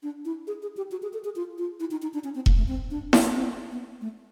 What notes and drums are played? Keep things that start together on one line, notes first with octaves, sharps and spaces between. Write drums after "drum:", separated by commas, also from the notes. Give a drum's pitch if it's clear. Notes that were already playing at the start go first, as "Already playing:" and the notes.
D4
E4
G#4
G#4
G4
F#4
G#4
A4
G#4
F4
F4
E4
D#4
D#4
D4
C#4
C4
A#3, drum: kick E1
A3
C4
D4
D#4, drum: snare E4
C4
B3
A3